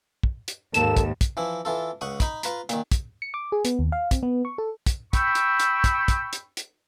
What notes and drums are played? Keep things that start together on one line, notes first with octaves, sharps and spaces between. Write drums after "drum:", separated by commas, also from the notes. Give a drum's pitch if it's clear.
drum: kick
drum: hi-hat
D#2 G#2 A#3 A4 E7, drum: hi-hat
drum: kick, hi-hat
drum: kick, hi-hat
E3 F3 E4
E3 F4 A4
C#2 F#5 C#6 D#6
D#4 B5, drum: kick, hi-hat
F4 B4 A#5, drum: hi-hat
A#2 D#3, drum: hi-hat
drum: kick, hi-hat
C#7
D6
G#4
B3, drum: hi-hat
D#2
F5
C4, drum: kick, hi-hat
B3
C#6
A4
drum: kick, hi-hat
G5 B5 C#6 E6, drum: kick, hi-hat
drum: hi-hat
drum: hi-hat
drum: kick, hi-hat
drum: kick, hi-hat
drum: hi-hat
drum: hi-hat